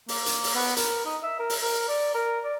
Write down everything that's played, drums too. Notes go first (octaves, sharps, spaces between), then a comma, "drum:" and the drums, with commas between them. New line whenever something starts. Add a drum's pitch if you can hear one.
A#3, drum: open hi-hat
drum: hi-hat
drum: open hi-hat
B3
A#4, drum: hi-hat
D#4
E5
A#4
drum: open hi-hat
A#4
D5
A#4
D5